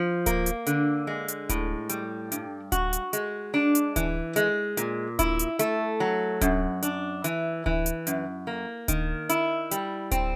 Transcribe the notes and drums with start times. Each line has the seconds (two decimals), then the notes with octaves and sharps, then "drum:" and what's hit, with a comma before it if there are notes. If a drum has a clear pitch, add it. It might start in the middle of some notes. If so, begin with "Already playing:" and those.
Already playing: F3
0.26 A#3, drum: kick D1, hi-hat
0.46 drum: hi-hat
0.66 D3, drum: hi-hat
1.07 G#3
1.28 drum: hi-hat
1.49 A2, drum: kick D1, hi-hat
1.89 G3, drum: hi-hat
2.32 G2, drum: hi-hat
2.72 F#4, drum: kick D1, hi-hat
2.93 drum: hi-hat
3.13 G#3, drum: hi-hat
3.54 D4
3.75 drum: hi-hat
3.96 E3, drum: kick D1, hi-hat
4.36 G#3, drum: hi-hat
4.77 A#2, drum: hi-hat
5.19 E4, drum: kick D1, hi-hat
5.39 drum: hi-hat
5.59 A3, drum: hi-hat
6.00 F#3
6.41 F#2, drum: kick D1, hi-hat
6.83 D4, drum: hi-hat
7.24 E3, drum: hi-hat
7.66 E3, drum: kick D1
7.86 drum: hi-hat
8.07 F#2, drum: hi-hat
8.47 A#3
8.88 D#3, drum: kick D1, hi-hat
9.29 E4, drum: hi-hat
9.71 G3, drum: hi-hat
10.11 C4, drum: kick D1, hi-hat